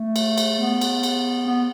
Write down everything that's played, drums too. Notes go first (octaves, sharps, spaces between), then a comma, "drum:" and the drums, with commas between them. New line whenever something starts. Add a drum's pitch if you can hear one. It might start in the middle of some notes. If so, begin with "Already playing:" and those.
Already playing: A3
drum: cymbal
drum: cymbal
B3
drum: cymbal
drum: cymbal
B3